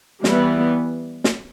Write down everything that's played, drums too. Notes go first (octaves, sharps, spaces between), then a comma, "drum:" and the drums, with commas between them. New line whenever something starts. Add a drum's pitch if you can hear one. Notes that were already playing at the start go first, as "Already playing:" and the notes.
E3 G3 B3, drum: snare
drum: snare